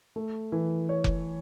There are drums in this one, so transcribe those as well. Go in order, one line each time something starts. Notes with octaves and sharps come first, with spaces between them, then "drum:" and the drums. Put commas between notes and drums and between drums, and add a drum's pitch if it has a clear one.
A3
E3
C#5
drum: kick F1